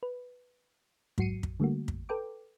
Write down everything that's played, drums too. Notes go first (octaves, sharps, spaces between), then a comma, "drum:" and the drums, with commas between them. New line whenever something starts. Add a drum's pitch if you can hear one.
B4
G#2 F#3 F#4 C7 C#7 D#7, drum: kick
drum: kick
D3 G3 A3 A#3 F#4
drum: kick
A4 B4 G5 D6